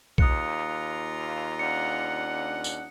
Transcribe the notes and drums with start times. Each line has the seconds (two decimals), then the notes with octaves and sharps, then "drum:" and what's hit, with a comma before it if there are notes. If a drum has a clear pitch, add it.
0.18 D#2 F4 A#5 D#6 F#6 C#7, drum: kick B1
1.59 C#4 D4 F#5 C#7
2.64 drum: tambourine